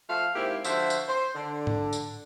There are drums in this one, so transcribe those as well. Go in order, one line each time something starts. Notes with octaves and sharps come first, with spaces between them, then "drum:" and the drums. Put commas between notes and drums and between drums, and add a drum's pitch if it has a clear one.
F3 A3 F5
G#2 A#3 C4 E4 G4
D3 F3 F#4 C5 E5, drum: tambourine
drum: tambourine
C5
D3
drum: tom G#2
drum: tambourine